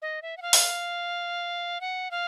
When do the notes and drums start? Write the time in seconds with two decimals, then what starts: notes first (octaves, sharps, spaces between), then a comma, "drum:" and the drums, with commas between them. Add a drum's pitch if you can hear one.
0.02 D#5
0.22 E5
0.37 F#5
0.42 F5
0.53 drum: open hi-hat
1.81 F#5
2.11 F5